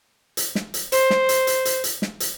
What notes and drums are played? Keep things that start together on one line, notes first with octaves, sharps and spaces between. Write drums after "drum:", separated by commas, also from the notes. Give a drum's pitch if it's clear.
drum: hi-hat
drum: snare
drum: hi-hat
C5, drum: hi-hat
drum: snare
drum: hi-hat
drum: hi-hat
drum: hi-hat
drum: hi-hat
drum: snare
drum: hi-hat